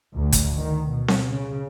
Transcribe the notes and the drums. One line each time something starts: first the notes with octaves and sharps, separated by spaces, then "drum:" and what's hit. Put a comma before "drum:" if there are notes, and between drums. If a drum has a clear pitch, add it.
D2
drum: kick, hi-hat
D#3
B2
drum: snare C4
C#3